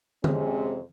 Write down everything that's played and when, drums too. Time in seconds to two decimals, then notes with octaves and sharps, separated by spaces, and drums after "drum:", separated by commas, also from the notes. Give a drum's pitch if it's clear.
0.24 F2 C3 G#3 C4 C#4 G#4, drum: tom D3